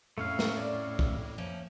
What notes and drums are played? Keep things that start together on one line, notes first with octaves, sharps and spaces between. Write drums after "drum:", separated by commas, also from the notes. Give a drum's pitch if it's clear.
F2 A2 A3 C#4 F5
drum: snare
E4 D5
drum: kick
F3 A3 A#3 C#4